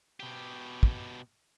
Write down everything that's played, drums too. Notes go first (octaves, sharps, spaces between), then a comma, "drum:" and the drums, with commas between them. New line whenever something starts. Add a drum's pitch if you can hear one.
B2 G4
drum: kick